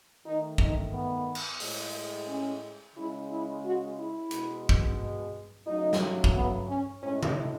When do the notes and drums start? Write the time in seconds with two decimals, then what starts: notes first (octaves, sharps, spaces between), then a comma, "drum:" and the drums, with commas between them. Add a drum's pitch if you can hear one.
0.24 D#3 A3 D#4
0.58 D#4, drum: kick
0.92 B3
1.35 drum: cymbal
1.60 A2 G#3, drum: open hi-hat
2.27 C#4
2.95 C#3 G#3 E4
3.30 E4
3.64 F#4
3.98 E4
4.31 B2 G#3, drum: hi-hat
4.69 drum: kick
5.66 C#3 F#3 A3 D#4
5.93 drum: snare
6.24 drum: kick
6.34 B3
6.68 C#4
7.02 A2 G#3 C#4
7.23 drum: tom C3